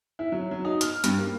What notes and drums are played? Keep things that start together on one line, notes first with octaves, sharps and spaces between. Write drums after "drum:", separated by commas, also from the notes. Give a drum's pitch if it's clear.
E4
F#3
F#3
D#4
F6, drum: hi-hat
G2, drum: hi-hat
A#3